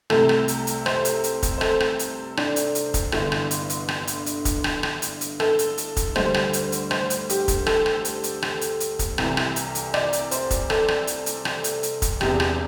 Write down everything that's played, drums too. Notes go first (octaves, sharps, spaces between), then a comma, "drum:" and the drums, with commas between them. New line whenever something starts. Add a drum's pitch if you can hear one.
C2 C3 A3 A4, drum: rim click
drum: rim click
drum: hi-hat
drum: hi-hat
C5, drum: rim click
drum: hi-hat
drum: hi-hat
drum: kick, hi-hat
C5
A4, drum: rim click
drum: rim click
drum: hi-hat
D4, drum: rim click
drum: hi-hat
drum: hi-hat
drum: kick, hi-hat
G1 G2 D3 E4, drum: rim click
drum: rim click
drum: hi-hat
drum: hi-hat
drum: rim click
drum: hi-hat
drum: hi-hat
drum: kick, hi-hat
drum: rim click
drum: rim click
drum: hi-hat
drum: hi-hat
A4, drum: rim click
drum: hi-hat
drum: hi-hat
drum: kick, hi-hat
D2 D3 G3 C5, drum: rim click
drum: rim click
drum: hi-hat
drum: hi-hat
C5, drum: rim click
drum: hi-hat
G4, drum: hi-hat
drum: kick, hi-hat
A4, drum: rim click
drum: rim click
drum: hi-hat
drum: hi-hat
drum: rim click
drum: hi-hat
drum: hi-hat
drum: kick, hi-hat
C2 C3 E3, drum: rim click
drum: rim click
drum: hi-hat
drum: hi-hat
D5, drum: rim click
drum: hi-hat
C5, drum: hi-hat
drum: kick, hi-hat
A4, drum: rim click
drum: rim click
drum: hi-hat
drum: hi-hat
drum: rim click
drum: hi-hat
drum: hi-hat
drum: kick, hi-hat
E1 E2 C3 G4, drum: rim click
drum: rim click